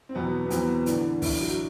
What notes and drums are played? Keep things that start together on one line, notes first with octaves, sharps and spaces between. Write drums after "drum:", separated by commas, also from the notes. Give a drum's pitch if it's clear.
C4
E2 B2 F#3 B3
B3
E2 B2 F#3 C4, drum: hi-hat
A2 D3 E3 D4, drum: hi-hat
A2 E3 E4, drum: kick, open hi-hat
F#3 F#4